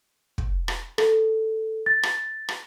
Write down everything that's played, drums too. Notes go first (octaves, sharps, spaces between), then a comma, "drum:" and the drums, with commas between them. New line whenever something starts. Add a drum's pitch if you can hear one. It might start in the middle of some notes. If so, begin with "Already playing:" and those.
drum: kick
drum: rim click
A4, drum: rim click
A6
drum: rim click
drum: rim click